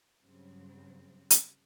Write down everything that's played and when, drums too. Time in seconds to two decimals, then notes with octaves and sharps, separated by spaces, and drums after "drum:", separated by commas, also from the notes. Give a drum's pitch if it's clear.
0.21 G2 C#3 F#3 G3 C4
1.30 drum: hi-hat